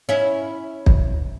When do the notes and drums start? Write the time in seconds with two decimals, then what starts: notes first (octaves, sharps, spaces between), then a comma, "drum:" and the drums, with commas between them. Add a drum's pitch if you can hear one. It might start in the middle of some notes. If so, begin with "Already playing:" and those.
0.09 C#4 E4
0.86 drum: kick